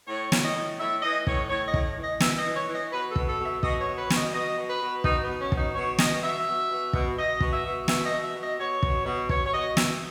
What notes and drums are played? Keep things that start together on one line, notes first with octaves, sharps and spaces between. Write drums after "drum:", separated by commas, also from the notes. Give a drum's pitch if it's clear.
A2 C#5
A2, drum: snare
D#5
A2
A2 E5
E3 D#5
A2 C#5, drum: kick
A2 C#5
D#5
A2, drum: kick
E3
D#5
E3 E5, drum: snare
D#5
E3
C#5
E3
D#5
B2 B4
A4
B2, drum: kick
A4
B2
E5
B2 D#5, drum: kick
C#5
B2
B4
B2, drum: snare
D#5
B2 D#5
B2
B4
B2
B2 D#4, drum: kick
B3
B2
C#4
B2, drum: kick
D#4
B2 C#5
B2 D#5, drum: snare
B2 E5
B2
B2
B2, drum: kick
B2 D#5
B2, drum: kick
E5
B2
B2 E5, drum: snare
D#5
B2
E5
B2
D#5
B2 C#5
B2, drum: kick
B2
B2 C#5, drum: kick
C#5
B2 D#5
B2 E5, drum: snare